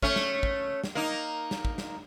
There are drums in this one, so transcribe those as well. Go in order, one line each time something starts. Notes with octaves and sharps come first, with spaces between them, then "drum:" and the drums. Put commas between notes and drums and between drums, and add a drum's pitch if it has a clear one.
A3 C#4, drum: kick
drum: snare
drum: kick
drum: snare
A#3 D#4
drum: snare
drum: kick
drum: snare